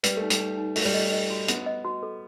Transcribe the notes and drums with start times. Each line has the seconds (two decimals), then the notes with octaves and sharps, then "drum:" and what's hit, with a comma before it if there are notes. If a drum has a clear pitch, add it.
0.03 G3 B4, drum: hi-hat
0.17 A3 D#4
0.30 G3, drum: hi-hat
0.40 D#4
0.58 D#4
0.76 A3 D#5, drum: open hi-hat
0.85 G3
0.94 A3 D#5
1.12 D#5
1.30 F#4
1.48 B3 F#4, drum: hi-hat
1.66 D#5
1.85 F#4
2.03 A4